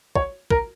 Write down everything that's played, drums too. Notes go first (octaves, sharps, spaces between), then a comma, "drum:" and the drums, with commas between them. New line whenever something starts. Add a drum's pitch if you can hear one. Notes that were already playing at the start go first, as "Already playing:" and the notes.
C#5, drum: kick
A#4, drum: kick